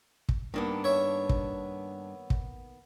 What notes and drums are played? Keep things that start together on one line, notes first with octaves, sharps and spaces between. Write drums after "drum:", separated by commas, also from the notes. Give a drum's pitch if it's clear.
drum: kick
G2 D#3 A#3 B3 D4
C#5 E5
drum: kick
drum: kick